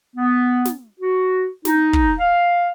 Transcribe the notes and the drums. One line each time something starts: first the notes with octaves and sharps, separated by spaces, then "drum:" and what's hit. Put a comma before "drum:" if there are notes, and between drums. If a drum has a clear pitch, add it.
B3
drum: snare
F#4
D#4, drum: snare
drum: kick
F5